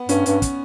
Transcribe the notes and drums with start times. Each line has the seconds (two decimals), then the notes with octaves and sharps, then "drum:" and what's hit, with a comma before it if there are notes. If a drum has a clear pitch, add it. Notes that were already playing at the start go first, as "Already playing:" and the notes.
Already playing: B3
0.09 G2 C#4, drum: hi-hat
0.26 G2, drum: hi-hat
0.42 drum: kick, hi-hat